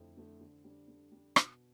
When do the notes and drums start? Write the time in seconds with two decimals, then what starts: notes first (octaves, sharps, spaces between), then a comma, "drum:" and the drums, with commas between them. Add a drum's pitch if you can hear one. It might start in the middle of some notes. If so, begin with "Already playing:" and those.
Already playing: F2 D3 A3 E4
0.17 D3 A3 E4
0.41 D3
0.64 G3 D4
0.88 D3
1.12 G3 D4
1.36 B2, drum: rim click